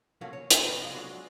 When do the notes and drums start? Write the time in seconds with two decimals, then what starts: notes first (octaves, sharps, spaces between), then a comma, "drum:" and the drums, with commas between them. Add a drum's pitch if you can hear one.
0.21 F3 F#3 A3 A#3 C#4 F#4
0.33 C#5
0.50 F#2 D3 F#3, drum: hi-hat
0.66 A2 C4 B4 C#5 A#5
0.80 F3 G3 G#3 G4 D5 D#5
0.94 F#3 G#3 A3 D4 F4 F#4